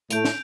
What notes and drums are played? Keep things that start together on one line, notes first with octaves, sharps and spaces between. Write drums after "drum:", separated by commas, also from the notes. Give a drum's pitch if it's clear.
A2 A3 G6 D7 F7, drum: hi-hat
drum: snare